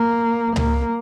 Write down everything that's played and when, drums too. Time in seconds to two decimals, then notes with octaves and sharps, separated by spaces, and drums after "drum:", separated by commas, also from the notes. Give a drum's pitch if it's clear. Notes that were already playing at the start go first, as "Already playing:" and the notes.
Already playing: A#3
0.56 A#3, drum: tom C#2